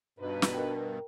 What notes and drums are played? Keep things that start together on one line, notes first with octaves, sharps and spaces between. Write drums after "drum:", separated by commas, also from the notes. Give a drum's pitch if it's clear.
G2 B2 D#4 B4
drum: snare
A#4 G5